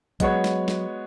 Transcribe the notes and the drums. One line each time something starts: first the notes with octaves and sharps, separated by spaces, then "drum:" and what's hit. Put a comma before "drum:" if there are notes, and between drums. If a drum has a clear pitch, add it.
F#3 G#3 B3 F#4 C#5, drum: kick, hi-hat
drum: snare
drum: snare